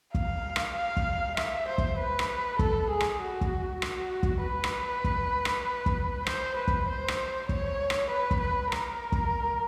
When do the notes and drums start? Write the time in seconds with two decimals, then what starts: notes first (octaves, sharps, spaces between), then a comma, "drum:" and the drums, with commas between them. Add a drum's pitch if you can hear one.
0.14 F5, drum: kick
0.56 drum: rim click
0.76 F5
0.97 drum: kick
1.37 E5, drum: rim click
1.68 C5
1.78 drum: kick
1.99 B4
2.19 drum: rim click
2.59 A4, drum: kick
2.90 G#4
3.00 drum: rim click
3.21 F#4
3.41 drum: kick
3.82 F#4, drum: rim click
4.23 drum: kick
4.43 B4
4.64 drum: rim click
5.04 drum: kick
5.45 drum: rim click
5.86 drum: kick
6.26 C5, drum: rim click
6.57 B4
6.68 drum: kick
6.89 C5
7.08 drum: rim click
7.49 C#5, drum: kick
7.90 drum: rim click
8.10 B4
8.31 drum: kick
8.41 B4
8.72 A#4, drum: rim click
9.12 drum: kick